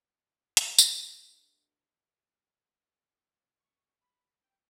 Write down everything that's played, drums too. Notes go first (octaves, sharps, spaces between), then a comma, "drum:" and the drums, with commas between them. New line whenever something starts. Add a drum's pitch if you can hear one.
drum: hi-hat
B2 A3 D4, drum: tambourine
C#6
B5
G5